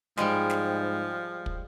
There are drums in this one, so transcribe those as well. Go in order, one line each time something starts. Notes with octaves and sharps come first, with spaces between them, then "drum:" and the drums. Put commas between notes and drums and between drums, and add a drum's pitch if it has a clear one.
G#2 F3 G3 G#3, drum: snare
drum: snare
drum: kick